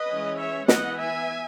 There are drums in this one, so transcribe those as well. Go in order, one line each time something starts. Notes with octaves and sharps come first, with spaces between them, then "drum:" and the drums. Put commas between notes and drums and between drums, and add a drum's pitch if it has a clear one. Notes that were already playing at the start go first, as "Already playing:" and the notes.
Already playing: B4 D#5
E3 G#3 C#4
C#5 E5
E3 B3 D#5 F#5, drum: snare
E5 G#5